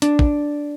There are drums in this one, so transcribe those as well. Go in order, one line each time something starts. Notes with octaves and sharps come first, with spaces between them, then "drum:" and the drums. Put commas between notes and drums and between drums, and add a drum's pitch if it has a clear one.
D4, drum: hi-hat
drum: kick